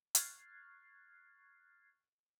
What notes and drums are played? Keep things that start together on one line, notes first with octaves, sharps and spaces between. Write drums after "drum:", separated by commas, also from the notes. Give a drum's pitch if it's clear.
C#6 F6 F#6 G#6 A6 C7, drum: hi-hat